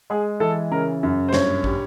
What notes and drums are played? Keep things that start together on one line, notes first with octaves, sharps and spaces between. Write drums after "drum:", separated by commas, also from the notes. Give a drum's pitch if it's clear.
G#3 G#4
E3 A4
C#3 A#4
F#2
C5
G2 C#5, drum: snare
G3, drum: kick